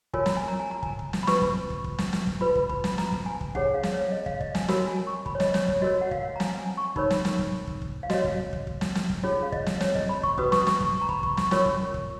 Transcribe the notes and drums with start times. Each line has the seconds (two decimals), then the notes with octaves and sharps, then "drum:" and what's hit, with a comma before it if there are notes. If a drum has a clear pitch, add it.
0.14 F4 A#4 C#5 G#5, drum: kick
0.26 A#5, drum: snare
0.37 G#5
0.48 A#5
0.59 G#5
0.71 A#5
0.83 G#5, drum: kick
0.99 drum: kick
1.13 drum: snare
1.23 B5
1.27 F4 B4 C#6, drum: snare
1.42 drum: kick
1.70 drum: kick
1.84 drum: kick
1.98 drum: snare
2.13 drum: snare
2.27 drum: kick
2.41 F4 B4 B5
2.55 drum: kick
2.69 B5, drum: kick
2.84 drum: snare
2.98 A#5, drum: snare
3.12 drum: kick
3.26 G#5
3.41 drum: kick
3.55 C#4 G#4 C#5 F#5, drum: kick
3.74 F5
3.83 drum: snare
3.93 C#5
4.12 D#5
4.26 F5, drum: kick
4.40 D#5, drum: kick
4.55 G#5, drum: snare
4.68 F#4 A#4 C#5 B5, drum: snare
4.88 G#5
5.07 C#6
5.26 B5, drum: kick
5.35 C#5
5.40 D#5, drum: snare
5.54 C#5, drum: snare
5.68 C#5, drum: kick
5.82 F#4 A#4 C#5 D#5
6.01 F#5
6.11 F5, drum: kick
6.20 F#5
6.36 A#5
6.40 G#5, drum: snare
6.59 G#5
6.77 C#6
6.96 D#4 A#4 C#5 B5, drum: kick
7.10 drum: snare
7.25 drum: snare
7.39 drum: kick
7.67 drum: kick
7.82 drum: kick
8.03 F5
8.10 F#4 C#5 D#5, drum: snare
8.24 drum: kick
8.53 drum: kick
8.67 drum: kick
8.81 drum: snare
8.95 drum: snare
9.10 drum: kick
9.23 C#4 F4 G#4 C#5
9.43 F5
9.52 D#5, drum: kick
9.66 drum: snare
9.80 C#5, drum: snare
9.95 D#5, drum: kick
10.09 B5
10.23 C#6, drum: kick
10.38 C#4 F#4 B4 D#6, drum: kick
10.52 C#6, drum: snare
10.67 C#6, drum: snare
10.81 C#6, drum: kick
10.94 C#6
11.02 A#5
11.09 B5, drum: kick
11.23 C#6, drum: kick
11.37 C#6, drum: snare
11.51 C#4 F4 A#4 C#5 C#6, drum: snare
11.66 drum: kick
11.94 drum: kick